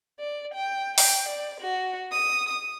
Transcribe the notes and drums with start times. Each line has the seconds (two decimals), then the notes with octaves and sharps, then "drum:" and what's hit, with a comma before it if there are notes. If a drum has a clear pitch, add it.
0.19 D5
0.54 G5
0.98 G5, drum: open hi-hat
1.28 D5
1.60 F#4
2.11 D#6
2.49 D#6